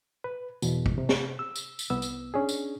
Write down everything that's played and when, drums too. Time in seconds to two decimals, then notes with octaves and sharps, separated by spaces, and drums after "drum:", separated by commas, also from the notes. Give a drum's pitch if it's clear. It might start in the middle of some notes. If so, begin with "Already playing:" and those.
0.24 B4
0.62 E2 B2, drum: tambourine
0.86 drum: kick
0.98 C3
1.09 drum: snare
1.39 E6
1.56 drum: tambourine
1.79 drum: tambourine
1.90 C2 B3 E6
2.02 drum: tambourine
2.34 C#4 D4 G#4
2.49 drum: tambourine